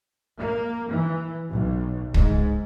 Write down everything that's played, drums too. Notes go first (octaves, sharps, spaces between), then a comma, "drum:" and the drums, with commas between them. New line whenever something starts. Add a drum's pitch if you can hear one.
A#3
E3
B1
G#2, drum: kick